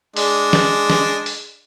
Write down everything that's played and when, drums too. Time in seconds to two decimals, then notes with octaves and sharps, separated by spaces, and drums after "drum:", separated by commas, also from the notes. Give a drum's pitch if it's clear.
0.17 G#3 D4, drum: open hi-hat
0.53 drum: snare
0.90 drum: snare
1.26 drum: open hi-hat